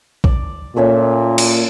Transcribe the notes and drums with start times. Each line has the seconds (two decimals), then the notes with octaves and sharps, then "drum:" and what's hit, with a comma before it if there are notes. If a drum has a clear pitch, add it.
0.24 D5 D6, drum: kick
0.76 A#2 A3 C#4 E5
1.38 drum: cymbal